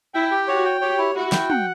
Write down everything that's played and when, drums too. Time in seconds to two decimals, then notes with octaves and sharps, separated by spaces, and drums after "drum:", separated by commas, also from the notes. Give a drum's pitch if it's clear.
0.14 E4 G5
0.31 G4
0.47 F#4 C#5
0.65 G5
0.81 G4 C#5
0.98 E4
1.15 E4 F#4
1.32 G5, drum: snare
1.50 F#5, drum: tom